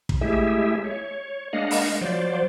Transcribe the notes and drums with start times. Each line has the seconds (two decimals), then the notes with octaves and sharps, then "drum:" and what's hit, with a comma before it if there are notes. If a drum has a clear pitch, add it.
0.09 drum: kick
0.21 G#3 A3 E4 G4 G#4 E5
0.84 C#5
1.53 G#3 A#3 D4 D#5 F5 F#5
1.71 drum: open hi-hat
2.01 F3 F#3 C5 D5